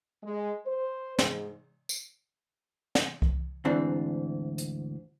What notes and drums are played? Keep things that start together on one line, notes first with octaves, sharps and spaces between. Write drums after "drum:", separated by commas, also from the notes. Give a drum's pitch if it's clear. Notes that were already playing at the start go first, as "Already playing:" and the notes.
G#3
C5
G#2, drum: snare
drum: tambourine
drum: snare
drum: kick C2
D2 G#2 E3 C4 D4
drum: hi-hat